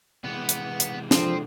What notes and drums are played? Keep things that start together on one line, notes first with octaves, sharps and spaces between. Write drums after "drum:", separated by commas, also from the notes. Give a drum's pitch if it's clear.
C3 E3 G#3 B3
drum: hi-hat
drum: hi-hat
F3 C4 D4 A4, drum: snare